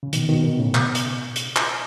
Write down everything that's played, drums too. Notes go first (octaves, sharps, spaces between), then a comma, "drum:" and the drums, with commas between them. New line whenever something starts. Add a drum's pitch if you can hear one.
C#3
B2 D#3, drum: hi-hat
B2 D#3
B2
A2 C#3
B2, drum: clap
drum: hi-hat
drum: hi-hat
drum: clap